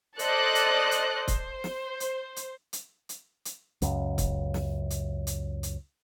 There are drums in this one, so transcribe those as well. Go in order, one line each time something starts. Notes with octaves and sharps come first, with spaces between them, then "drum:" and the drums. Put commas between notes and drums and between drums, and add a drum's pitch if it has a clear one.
A4 C5 D5 D#5 F#6, drum: hi-hat
drum: hi-hat
drum: hi-hat
C5
drum: kick, hi-hat
drum: snare
drum: hi-hat
drum: hi-hat
drum: hi-hat
drum: hi-hat
drum: hi-hat
C#2 F#2, drum: hi-hat
drum: kick, hi-hat
drum: snare
drum: hi-hat
drum: hi-hat
drum: hi-hat